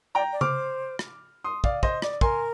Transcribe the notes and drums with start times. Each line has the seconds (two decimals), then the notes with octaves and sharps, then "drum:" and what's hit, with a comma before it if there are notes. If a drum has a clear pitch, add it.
0.15 D5 G5 A#5
0.33 D5
0.41 C5 D6 F6, drum: tom C#3
0.99 drum: rim click
1.44 C6 D#6
1.64 D5 F5, drum: kick
1.83 C5 D#5, drum: kick
2.02 D5, drum: rim click
2.21 A#4 G#5 C6, drum: kick